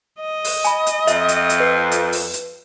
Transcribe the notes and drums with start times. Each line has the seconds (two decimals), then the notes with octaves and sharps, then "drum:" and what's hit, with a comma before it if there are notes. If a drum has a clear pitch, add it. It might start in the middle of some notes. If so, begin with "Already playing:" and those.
0.21 D#5
0.44 drum: open hi-hat
0.65 G#5 B5, drum: hi-hat
0.86 drum: hi-hat
1.07 F2 E5, drum: hi-hat
1.28 drum: hi-hat
1.49 drum: hi-hat
1.60 B4
1.92 drum: hi-hat
2.13 drum: open hi-hat
2.34 drum: hi-hat